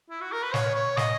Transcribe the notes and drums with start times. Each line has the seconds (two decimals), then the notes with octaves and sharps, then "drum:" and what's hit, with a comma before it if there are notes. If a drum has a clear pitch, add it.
0.10 E4
0.21 F#4
0.32 A#4
0.43 B4
0.54 C#5, drum: snare
0.75 C#5
0.97 D#5, drum: snare